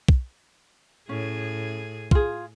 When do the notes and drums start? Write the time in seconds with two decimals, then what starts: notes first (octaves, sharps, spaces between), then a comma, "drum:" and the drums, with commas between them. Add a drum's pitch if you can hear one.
0.08 drum: kick
1.09 A2 C#4 G#4
2.11 F4 G#4, drum: kick